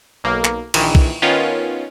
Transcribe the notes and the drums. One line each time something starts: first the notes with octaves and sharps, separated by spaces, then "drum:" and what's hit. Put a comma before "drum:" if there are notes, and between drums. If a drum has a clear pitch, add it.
B1 A#3
drum: clap
A#1 D#3 E3, drum: cymbal
drum: kick B1
D#3 B3 C#4 F4